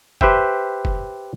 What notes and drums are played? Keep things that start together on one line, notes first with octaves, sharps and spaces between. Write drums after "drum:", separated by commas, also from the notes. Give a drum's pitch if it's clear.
G4 B4 C5 E5 G5, drum: kick F1
drum: kick F1